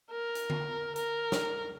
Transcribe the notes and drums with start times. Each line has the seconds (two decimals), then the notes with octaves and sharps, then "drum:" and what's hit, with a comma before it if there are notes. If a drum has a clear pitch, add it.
0.11 A#4
0.35 drum: hi-hat
0.50 drum: tom D3
0.96 A#4, drum: hi-hat
1.32 drum: snare